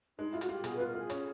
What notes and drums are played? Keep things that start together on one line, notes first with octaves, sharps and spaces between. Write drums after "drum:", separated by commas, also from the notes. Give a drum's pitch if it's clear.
G#3 D#4
E4 F4
F#4, drum: hi-hat
F4 G4
B2 G#4, drum: hi-hat
F4 B4
A#4
F4 G#4
C#4, drum: hi-hat